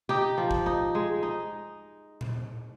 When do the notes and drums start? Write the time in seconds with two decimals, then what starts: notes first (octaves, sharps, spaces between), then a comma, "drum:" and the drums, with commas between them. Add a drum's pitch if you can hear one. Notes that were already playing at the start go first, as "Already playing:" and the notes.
0.09 D#4 G4
0.38 F3
0.51 drum: kick
0.66 D#4
0.95 G#3
1.23 D#4
2.21 drum: tom A#2